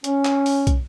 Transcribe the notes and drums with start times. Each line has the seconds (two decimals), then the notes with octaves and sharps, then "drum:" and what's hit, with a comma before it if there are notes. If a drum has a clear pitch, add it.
0.04 C#4, drum: hi-hat
0.25 drum: clap
0.46 drum: open hi-hat
0.67 drum: kick, hi-hat